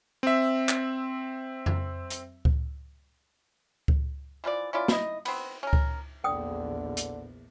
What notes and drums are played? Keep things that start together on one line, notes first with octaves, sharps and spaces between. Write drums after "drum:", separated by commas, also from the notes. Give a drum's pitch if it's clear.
C4 E5
drum: clap
drum: tom F2
drum: hi-hat
drum: kick C#2
drum: kick C#2
E3 F3 F4 D5
C#4 E4 F4 D5
D#4 E4 D#5, drum: snare
B3 C4, drum: cymbal
C#4 A#4
drum: kick C#2
A#1 E2 D3 G5 D#6
drum: hi-hat